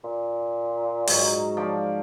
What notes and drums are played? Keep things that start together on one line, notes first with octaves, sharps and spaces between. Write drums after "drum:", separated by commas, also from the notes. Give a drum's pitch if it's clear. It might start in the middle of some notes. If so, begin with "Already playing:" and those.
A#2
G#2 F#3, drum: open hi-hat
F3 D5